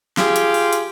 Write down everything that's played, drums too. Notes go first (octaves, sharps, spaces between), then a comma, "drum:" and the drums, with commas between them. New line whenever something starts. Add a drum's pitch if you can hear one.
F4 G4 G#4, drum: snare
drum: hi-hat
drum: open hi-hat
drum: hi-hat